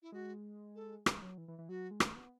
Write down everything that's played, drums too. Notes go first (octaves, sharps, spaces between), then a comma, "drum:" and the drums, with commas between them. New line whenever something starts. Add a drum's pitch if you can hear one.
E4
G#3 F#4
A4
G#3, drum: rim click
F#3
E3
E3
E3
F#3 F#4
G#3
A3, drum: rim click
B3